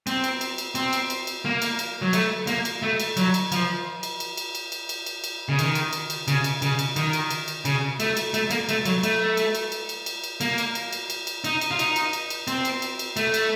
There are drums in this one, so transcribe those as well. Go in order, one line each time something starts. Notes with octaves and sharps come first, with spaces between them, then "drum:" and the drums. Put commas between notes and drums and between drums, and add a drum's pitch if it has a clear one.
C4, drum: cymbal
drum: cymbal
drum: cymbal
drum: cymbal
C4, drum: cymbal
drum: cymbal
drum: cymbal
drum: cymbal
A#3
drum: cymbal
drum: cymbal
F#3
A3, drum: cymbal
A#3, drum: cymbal
drum: cymbal
A3
drum: cymbal
F#3, drum: cymbal
drum: cymbal
F3, drum: cymbal
drum: cymbal
drum: cymbal
drum: cymbal
drum: cymbal
drum: cymbal
drum: cymbal
drum: cymbal
drum: cymbal
C#3
D#3, drum: cymbal
drum: cymbal
drum: cymbal
drum: cymbal
C#3, drum: cymbal
drum: cymbal
C#3, drum: cymbal
drum: cymbal
D#3, drum: cymbal
drum: cymbal
drum: cymbal
drum: cymbal
C#3, drum: cymbal
A3, drum: cymbal
drum: cymbal
A3, drum: cymbal
A#3, drum: cymbal
A3, drum: cymbal
F#3, drum: cymbal
A3, drum: cymbal
drum: cymbal
drum: cymbal
drum: cymbal
drum: cymbal
drum: cymbal
drum: cymbal
A#3, drum: cymbal
drum: cymbal
drum: cymbal
drum: cymbal
drum: cymbal
drum: cymbal
D#4, drum: cymbal
drum: cymbal
F4
D#4, drum: cymbal
drum: cymbal
drum: cymbal
drum: cymbal
C4, drum: cymbal
drum: cymbal
drum: cymbal
drum: cymbal
A3, drum: cymbal
drum: cymbal